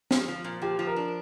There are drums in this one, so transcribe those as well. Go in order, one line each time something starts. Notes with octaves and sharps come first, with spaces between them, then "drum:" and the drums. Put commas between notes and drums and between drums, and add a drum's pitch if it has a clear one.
F3, drum: snare
F3
A#2
F3 G4
F3
A#4
D4